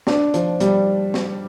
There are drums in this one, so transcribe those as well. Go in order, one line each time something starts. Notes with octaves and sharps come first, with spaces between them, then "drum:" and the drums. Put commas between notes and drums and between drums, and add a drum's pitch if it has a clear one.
D4, drum: snare
F3, drum: hi-hat
G3, drum: hi-hat
drum: snare